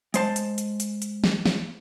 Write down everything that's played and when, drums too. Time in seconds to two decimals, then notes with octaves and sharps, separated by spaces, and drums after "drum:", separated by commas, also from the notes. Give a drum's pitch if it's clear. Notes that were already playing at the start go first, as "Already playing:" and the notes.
0.14 G#3 C5 A5, drum: hi-hat
0.36 drum: hi-hat
0.58 drum: hi-hat
0.80 drum: hi-hat
1.02 drum: hi-hat
1.24 drum: snare
1.46 drum: snare